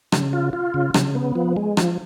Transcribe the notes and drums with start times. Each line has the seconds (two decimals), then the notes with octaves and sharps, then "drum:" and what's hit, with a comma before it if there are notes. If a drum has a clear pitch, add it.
0.12 C#3, drum: rim click
0.33 F4
0.53 F4
0.74 C#3
0.94 C#3, drum: rim click
1.15 B3
1.36 F3
1.56 G#3
1.77 F3, drum: rim click